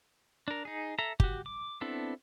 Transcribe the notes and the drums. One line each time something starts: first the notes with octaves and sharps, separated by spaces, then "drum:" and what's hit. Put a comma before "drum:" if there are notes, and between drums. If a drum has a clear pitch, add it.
D4 A#4
D#4 G#4
A4 E5 A#5
F#4 G4, drum: kick G1
D6
B3 C4 D4 E4 A4